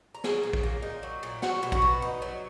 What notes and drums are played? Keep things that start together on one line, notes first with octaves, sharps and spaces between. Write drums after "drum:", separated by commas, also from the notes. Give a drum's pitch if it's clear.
A#5
F#3 G#4 G#5, drum: snare
A#2
drum: kick
A#3
D#4
F#3
A#2
F#3 F#4 F#5, drum: snare
B2
F#4 F#5, drum: kick
B3
D#4
F#3